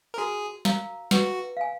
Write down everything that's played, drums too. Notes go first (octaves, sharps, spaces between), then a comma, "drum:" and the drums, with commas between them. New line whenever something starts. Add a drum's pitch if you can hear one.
A#4
F#4 G#4
A#4 F5 A#5, drum: snare
F#4 B4, drum: snare
F5 G#5